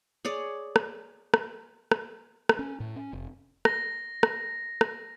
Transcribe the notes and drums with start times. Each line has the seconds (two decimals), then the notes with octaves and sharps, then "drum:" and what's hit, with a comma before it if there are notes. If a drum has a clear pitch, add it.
0.25 G#4 C#5 D5
0.76 drum: rim click
1.34 drum: rim click
1.92 drum: rim click
2.49 drum: rim click
2.59 C#4
2.80 A2
2.96 C#4
3.13 F1
3.65 A#6, drum: rim click
4.23 drum: rim click
4.81 drum: rim click